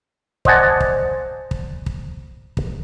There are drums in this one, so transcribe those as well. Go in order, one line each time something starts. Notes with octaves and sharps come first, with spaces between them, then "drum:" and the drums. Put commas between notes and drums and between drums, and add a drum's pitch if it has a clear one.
C5 D5 D#5 F#5 G#5 A5, drum: kick
drum: kick
drum: kick
drum: kick
drum: kick